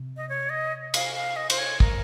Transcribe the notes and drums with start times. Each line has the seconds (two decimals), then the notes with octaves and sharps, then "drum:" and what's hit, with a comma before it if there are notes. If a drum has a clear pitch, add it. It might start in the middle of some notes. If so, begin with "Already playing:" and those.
Already playing: C3
0.17 D#5
0.29 C#5
0.50 D#5
0.94 F5, drum: cymbal
1.15 F5
1.36 D#5
1.50 C5, drum: cymbal
1.58 C#5
1.80 A#4, drum: kick